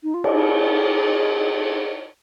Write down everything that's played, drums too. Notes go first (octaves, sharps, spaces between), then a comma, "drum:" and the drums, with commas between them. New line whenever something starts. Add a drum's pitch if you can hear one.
D#4
F4
G4, drum: cymbal
G#4